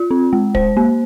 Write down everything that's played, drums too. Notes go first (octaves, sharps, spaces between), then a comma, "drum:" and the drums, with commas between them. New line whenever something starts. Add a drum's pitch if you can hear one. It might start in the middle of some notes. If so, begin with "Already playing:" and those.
Already playing: F4
C4
G#3
C5, drum: kick
A#3